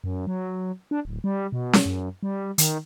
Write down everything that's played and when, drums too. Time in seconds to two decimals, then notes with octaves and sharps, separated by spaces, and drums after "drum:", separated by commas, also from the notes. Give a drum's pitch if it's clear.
0.04 F#2
0.27 F#3
0.91 D4
1.05 D1
1.24 G3
1.52 B2
1.73 drum: snare C#4
1.86 F#2
2.23 G3
2.58 D#3, drum: hi-hat